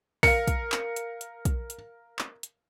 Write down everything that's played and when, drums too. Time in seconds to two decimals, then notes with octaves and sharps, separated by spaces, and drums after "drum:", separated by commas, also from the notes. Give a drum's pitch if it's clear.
0.23 A#4 F5 C#7, drum: kick, open hi-hat
0.48 drum: kick, hi-hat
0.72 drum: clap
0.96 drum: hi-hat
1.21 drum: hi-hat
1.45 drum: kick, hi-hat
1.70 drum: hi-hat
2.19 drum: clap
2.43 drum: hi-hat